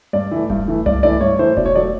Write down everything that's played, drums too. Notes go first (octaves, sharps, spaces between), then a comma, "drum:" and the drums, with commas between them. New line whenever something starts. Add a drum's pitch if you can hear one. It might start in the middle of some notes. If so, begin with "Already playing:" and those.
G2 D5
E3 A3
G2, drum: kick E1
E3 A3
G2 D5, drum: tom C2
E3 A3 D5
G2 C#5
E3 A3 C5
B2 D5, drum: kick E1
C#5
F#3 A3 D5